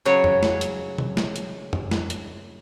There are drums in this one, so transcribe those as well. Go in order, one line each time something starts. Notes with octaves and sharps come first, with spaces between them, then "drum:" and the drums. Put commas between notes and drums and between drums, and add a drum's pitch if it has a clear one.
C#3 F#3 C#5
drum: tom F2
drum: snare
drum: hi-hat
drum: tom B2
drum: snare
drum: hi-hat
drum: tom F2
drum: snare
drum: hi-hat